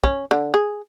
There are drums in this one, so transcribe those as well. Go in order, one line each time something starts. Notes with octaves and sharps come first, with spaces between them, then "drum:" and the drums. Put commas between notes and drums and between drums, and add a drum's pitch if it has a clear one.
C#4, drum: kick
D3
G#4